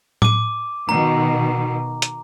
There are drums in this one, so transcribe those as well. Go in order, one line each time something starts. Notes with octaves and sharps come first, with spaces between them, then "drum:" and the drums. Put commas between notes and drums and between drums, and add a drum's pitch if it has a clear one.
D6 D#7, drum: tom A2
B2 D#3 A#5
drum: hi-hat